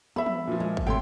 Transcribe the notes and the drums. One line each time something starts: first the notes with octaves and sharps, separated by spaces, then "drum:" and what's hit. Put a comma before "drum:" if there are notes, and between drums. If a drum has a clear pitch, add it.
B3 E5 B5
drum: tom
A#2 F3
G#3
drum: kick G#1
A2 C3 G5 C6